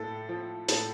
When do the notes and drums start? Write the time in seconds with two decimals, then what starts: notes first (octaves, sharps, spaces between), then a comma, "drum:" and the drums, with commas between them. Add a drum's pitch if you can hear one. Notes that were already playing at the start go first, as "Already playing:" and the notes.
Already playing: A2 A4
0.29 F3
0.69 A2 A4, drum: hi-hat